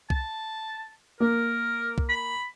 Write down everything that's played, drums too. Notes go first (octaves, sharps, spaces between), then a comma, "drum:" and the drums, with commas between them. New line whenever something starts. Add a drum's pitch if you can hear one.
A5, drum: kick C2
A#3 A#4
drum: kick C2
B5